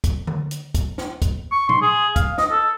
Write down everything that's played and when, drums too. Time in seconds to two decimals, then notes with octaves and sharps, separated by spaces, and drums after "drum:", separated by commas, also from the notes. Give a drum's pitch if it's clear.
0.04 drum: kick, hi-hat
0.27 drum: tom D3
0.51 drum: hi-hat
0.75 drum: kick, hi-hat
0.98 drum: snare
1.22 drum: kick, hi-hat
1.52 C#6
1.69 C6, drum: tom A#2
1.82 G#4
2.16 F5, drum: kick, hi-hat
2.38 D#5, drum: snare
2.51 A4